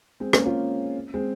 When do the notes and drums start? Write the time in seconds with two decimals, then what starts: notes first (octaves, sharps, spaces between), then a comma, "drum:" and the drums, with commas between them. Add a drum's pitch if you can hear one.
0.20 G#3 C4
0.33 A#3 C#4, drum: rim click
0.46 C#4 F4
1.14 G#3 C4